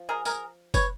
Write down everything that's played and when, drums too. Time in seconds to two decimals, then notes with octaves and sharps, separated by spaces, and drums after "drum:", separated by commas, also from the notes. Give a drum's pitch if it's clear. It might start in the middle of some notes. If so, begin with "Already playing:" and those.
Already playing: F3
0.09 G#4 A#4
0.25 G#4 A#4, drum: tambourine
0.74 B4 C#5, drum: kick, tambourine